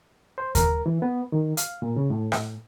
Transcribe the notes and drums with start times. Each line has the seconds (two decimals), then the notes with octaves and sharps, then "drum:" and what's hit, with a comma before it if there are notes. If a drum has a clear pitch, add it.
0.38 C5
0.55 A#4, drum: kick D#2, hi-hat
0.86 E3
1.02 B3
1.32 D#3
1.57 F5, drum: hi-hat
1.82 A#2
1.96 C#3
2.10 A2
2.32 drum: rim click